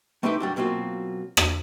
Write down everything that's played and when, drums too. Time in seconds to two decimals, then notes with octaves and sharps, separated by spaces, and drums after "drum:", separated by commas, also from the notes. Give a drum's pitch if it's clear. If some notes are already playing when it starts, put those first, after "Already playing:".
0.23 A3 C4 D#4 E4 G4 B4
0.40 G2 F#3 G3
0.56 B2 F#3 A#3 C4 F4
1.37 drum: rim click